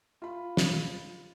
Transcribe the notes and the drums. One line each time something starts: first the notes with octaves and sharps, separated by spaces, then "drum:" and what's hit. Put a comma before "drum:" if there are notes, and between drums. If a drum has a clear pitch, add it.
F4 B5
drum: snare